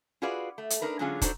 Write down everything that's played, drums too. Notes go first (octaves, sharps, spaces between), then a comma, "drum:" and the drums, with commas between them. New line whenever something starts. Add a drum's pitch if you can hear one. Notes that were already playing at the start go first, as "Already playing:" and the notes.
F4 F#4 G#4 B4 D5 F5
A3
drum: hi-hat
D4 D#4 A#4 B4
D3 F#3 G#3 C#4 F4 G#4
D4 D#4 F#4 A4 C5, drum: kick, hi-hat